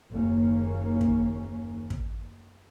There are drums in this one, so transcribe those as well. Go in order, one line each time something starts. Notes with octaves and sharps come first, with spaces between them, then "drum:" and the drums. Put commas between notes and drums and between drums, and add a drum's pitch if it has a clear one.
F#1 D#2 C#3 A#3 C#4
drum: kick
drum: kick